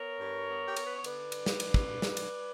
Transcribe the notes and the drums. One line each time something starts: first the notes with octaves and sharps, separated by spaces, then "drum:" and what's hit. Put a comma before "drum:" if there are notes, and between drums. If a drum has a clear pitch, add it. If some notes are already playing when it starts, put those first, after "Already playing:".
Already playing: B3 A#4 C#5
G2
B3
G4
B3 A#4, drum: cymbal
B4
C#5
D3 B4 D5, drum: cymbal
G2, drum: cymbal
drum: snare
D3, drum: cymbal
drum: kick
G3
drum: snare
G3, drum: cymbal